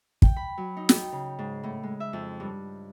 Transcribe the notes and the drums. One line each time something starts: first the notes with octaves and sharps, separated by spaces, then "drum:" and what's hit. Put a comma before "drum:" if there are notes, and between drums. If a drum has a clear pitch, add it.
G5, drum: kick
B5
F#3
D#4
G5, drum: snare
C#3
G#2
A2
G#3
E5
F2
G2